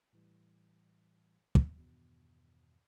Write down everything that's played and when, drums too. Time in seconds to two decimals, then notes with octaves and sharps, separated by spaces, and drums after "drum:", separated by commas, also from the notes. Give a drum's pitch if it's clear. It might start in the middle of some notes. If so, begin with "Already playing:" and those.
0.13 A2 E3 G3
1.55 drum: kick
1.77 E2 G2 B2 D#3